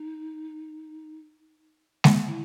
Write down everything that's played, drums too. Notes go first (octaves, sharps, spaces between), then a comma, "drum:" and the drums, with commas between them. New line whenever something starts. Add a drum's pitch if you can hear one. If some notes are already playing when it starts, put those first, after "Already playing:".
Already playing: D#4
drum: snare G#3
E4